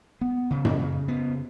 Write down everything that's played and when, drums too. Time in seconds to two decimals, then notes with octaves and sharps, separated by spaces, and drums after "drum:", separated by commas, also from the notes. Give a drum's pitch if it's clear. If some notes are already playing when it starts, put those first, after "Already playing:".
0.21 B3
0.51 C#3
0.65 drum: tom F#2
0.79 C#3
1.08 B3